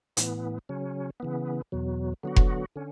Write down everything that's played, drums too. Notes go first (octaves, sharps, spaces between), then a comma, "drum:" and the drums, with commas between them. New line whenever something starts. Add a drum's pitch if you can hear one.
A2 E3 B3, drum: hi-hat
C#3 F#3 C#4
C#3 E3 B3
E2 B2 F#3
D3 F#3 B3 F#4
drum: kick F1
D3 C#4